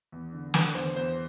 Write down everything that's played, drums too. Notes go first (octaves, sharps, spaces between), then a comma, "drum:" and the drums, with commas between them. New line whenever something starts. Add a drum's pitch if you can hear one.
E2
D3
D3 B4, drum: snare
E2 C5
E2 C5